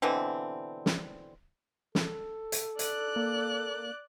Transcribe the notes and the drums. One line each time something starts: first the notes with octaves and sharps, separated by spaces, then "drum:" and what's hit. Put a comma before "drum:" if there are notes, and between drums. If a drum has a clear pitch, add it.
B2 D3 E3 C4
drum: snare
A4, drum: snare
drum: hi-hat
D5 F#6, drum: hi-hat
A#3